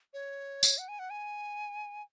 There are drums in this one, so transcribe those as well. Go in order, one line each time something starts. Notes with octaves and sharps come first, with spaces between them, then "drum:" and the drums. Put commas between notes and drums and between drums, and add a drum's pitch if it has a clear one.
C#5
drum: tambourine
F#5
G#5
F#5
G#5